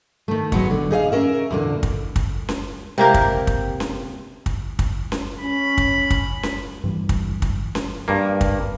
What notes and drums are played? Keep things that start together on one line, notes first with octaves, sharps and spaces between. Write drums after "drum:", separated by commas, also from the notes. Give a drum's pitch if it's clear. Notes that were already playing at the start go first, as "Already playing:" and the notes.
D#3 A3
D#3 F#3 G#3 B3 C#5, drum: kick
D3
D#4 G#4 D#5 F5
C#4 A#4 E5
E2 A#2 D3
drum: kick
drum: kick
drum: snare C#4
C3 A#3 G4 A#4
drum: kick
drum: kick
drum: snare C#4
drum: kick
drum: kick
drum: snare C#4
C#4 B5
drum: kick
drum: kick
drum: snare C#4
G2 E3 G3
drum: kick
drum: kick
drum: snare C#4
G2 A#3
drum: kick